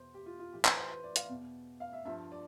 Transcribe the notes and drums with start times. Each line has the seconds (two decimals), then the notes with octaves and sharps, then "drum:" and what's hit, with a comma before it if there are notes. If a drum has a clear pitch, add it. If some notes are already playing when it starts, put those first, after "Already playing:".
Already playing: E2 B2 C5
0.14 G4
0.26 F4
0.39 F4
0.52 A2 E3 G4
0.65 B4, drum: clap
0.77 C5
0.90 B4
1.04 D5
1.16 F5, drum: hi-hat
1.29 E2 B2
1.80 F5
1.93 E5
2.05 G2 F3 E5
2.32 D5